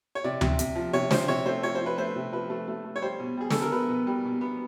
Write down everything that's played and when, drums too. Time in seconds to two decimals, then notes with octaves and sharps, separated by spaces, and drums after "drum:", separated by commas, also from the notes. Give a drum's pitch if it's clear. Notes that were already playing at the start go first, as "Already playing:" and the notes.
0.15 C#5
0.24 C3 D5
0.41 C3, drum: tom D2
0.59 C3, drum: hi-hat
0.76 F3
0.93 C3 C#5
1.11 F3 C5, drum: snare
1.28 C3 C#5
1.46 A3 C5
1.63 F3 C#5
1.75 C5
1.80 F3
1.86 B4
1.98 A3 C5
2.16 C3
2.33 F3 B4
2.50 A3
2.68 A3
2.85 A3
2.96 C#5
3.02 G3 C5
3.20 B2
3.37 G3 G#4
3.51 B3 A4, drum: snare
3.62 A#4
3.72 B3 B4
3.89 B2
4.07 G3
4.24 B2
4.41 B3